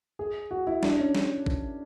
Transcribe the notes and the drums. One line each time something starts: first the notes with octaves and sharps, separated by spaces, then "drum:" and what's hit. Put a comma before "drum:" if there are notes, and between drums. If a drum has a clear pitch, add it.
G#4
F#4
E4
D4, drum: snare
C#4
drum: snare
drum: kick A1